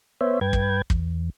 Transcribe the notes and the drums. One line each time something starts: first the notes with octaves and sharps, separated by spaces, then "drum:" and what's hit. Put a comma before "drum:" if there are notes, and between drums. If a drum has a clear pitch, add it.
B3 C5 C#5 E5
G2 B4 G5 G#6
drum: kick
E2, drum: kick